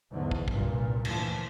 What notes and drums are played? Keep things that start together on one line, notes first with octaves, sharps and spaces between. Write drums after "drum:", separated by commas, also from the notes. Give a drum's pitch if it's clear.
E2 G#2 D3 F#3
drum: kick
C2 G2 A#2, drum: kick
D2 A#2 E3 F3, drum: cymbal